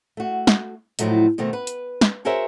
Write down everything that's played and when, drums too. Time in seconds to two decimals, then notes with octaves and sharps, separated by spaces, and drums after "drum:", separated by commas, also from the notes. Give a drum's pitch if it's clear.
0.17 A3 F#4
0.47 drum: snare
0.99 A2 F3 F#3 A3 D#4, drum: hi-hat
1.38 B2 D#3 A3 C4
1.53 B4
1.67 drum: hi-hat
2.01 drum: snare
2.25 F#4 G#4 A#4 C5 C#5 E5